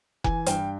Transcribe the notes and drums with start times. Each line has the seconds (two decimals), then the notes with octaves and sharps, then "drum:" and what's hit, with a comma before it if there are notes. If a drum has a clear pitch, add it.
0.24 E3 G#5, drum: kick F1
0.46 G2 G5, drum: hi-hat